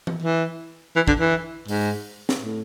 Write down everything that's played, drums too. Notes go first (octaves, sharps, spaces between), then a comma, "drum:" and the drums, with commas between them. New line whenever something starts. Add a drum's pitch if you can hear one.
drum: tom E3
E3
E3
D3, drum: kick
E3
G#2, drum: open hi-hat
drum: snare C4
A2